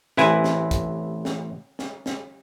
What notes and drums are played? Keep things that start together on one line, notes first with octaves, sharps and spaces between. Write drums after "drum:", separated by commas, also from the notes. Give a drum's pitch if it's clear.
A1 C3 E4 B4 G#5, drum: snare
drum: snare
drum: kick, hi-hat
drum: snare
drum: snare
drum: snare